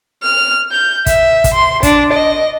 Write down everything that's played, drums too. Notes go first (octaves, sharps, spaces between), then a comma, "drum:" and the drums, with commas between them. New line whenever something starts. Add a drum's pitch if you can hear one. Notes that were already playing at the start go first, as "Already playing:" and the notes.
F6
G6
E5, drum: kick, hi-hat
drum: kick, hi-hat
C6
D4, drum: kick, hi-hat
D#5